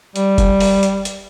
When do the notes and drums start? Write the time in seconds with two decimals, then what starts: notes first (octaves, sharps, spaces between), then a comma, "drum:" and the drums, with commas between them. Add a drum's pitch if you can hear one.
0.16 G3, drum: hi-hat
0.38 drum: kick F1, hi-hat
0.60 drum: open hi-hat
0.83 drum: hi-hat
1.05 drum: hi-hat